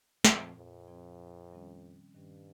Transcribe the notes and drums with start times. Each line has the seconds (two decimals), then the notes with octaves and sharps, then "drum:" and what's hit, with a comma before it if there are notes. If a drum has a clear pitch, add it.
0.25 F2 A#2 F3 C4, drum: snare
0.56 F2
0.88 A#2 F3 C4
1.51 D#3 G3 C#4
2.14 G2 D#3 G3 C#4